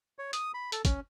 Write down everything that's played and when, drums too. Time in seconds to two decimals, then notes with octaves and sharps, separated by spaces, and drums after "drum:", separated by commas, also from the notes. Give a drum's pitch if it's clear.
0.19 C#5
0.33 D#6, drum: hi-hat
0.54 B5
0.72 A4, drum: hi-hat
0.85 C#4, drum: kick, hi-hat